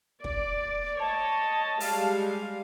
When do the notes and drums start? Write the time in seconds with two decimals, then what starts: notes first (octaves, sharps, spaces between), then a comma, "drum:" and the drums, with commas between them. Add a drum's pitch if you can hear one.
0.24 D5, drum: kick
1.00 C#5 D#5 A5
1.80 G3 G#3 F5, drum: open hi-hat